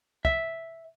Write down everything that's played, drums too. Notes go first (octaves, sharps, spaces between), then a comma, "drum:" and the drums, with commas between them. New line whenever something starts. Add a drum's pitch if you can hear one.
E5, drum: kick